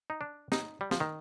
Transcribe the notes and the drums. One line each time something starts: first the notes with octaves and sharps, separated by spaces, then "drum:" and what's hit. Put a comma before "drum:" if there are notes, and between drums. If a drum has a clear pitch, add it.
D#4
D4
D#4, drum: snare
G3
F3, drum: snare
D#3